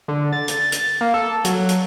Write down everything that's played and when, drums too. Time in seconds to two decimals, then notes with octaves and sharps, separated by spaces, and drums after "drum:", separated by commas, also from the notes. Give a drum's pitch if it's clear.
0.08 D3
0.33 A6
0.48 drum: hi-hat
0.72 drum: hi-hat
1.01 A#3
1.14 A4
1.45 F#3, drum: hi-hat
1.69 drum: hi-hat